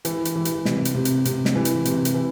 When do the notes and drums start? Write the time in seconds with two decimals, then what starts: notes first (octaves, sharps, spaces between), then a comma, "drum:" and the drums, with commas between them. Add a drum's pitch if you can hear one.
0.05 E3, drum: hi-hat
0.25 drum: hi-hat
0.35 E3
0.45 drum: hi-hat
0.65 C3, drum: snare
0.85 drum: hi-hat
0.95 C3
1.05 drum: hi-hat
1.25 C3, drum: hi-hat
1.45 drum: snare
1.55 E3
1.65 drum: hi-hat
1.85 C3, drum: hi-hat
2.05 drum: hi-hat
2.14 E3